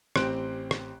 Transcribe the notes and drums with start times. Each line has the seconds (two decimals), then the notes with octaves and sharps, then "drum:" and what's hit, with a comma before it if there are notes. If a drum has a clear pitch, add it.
0.16 A1 C4 G4 C6 F#6 D7, drum: rim click
0.71 drum: rim click